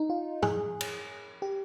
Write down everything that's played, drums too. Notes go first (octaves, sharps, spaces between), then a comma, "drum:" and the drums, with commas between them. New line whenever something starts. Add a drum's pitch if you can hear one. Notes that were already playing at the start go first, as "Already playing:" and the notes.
Already playing: D#4
F4
G#4, drum: tom G#2
drum: cymbal
G4